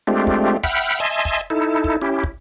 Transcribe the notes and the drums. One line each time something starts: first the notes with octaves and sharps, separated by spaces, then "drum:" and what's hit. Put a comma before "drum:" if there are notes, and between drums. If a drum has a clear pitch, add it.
G#3 A3 C4 D4 F4 G4
drum: kick
E5 F#5 G5 B5 F6, drum: kick
D#5 E5 G#5 A5 C6
drum: kick
D#4 E4 A4
drum: kick
C#4 E4 G4
drum: kick